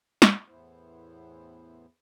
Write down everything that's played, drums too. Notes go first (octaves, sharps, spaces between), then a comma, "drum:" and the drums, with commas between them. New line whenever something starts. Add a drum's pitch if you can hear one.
drum: snare
E2 A2 E3 B3 E4 C5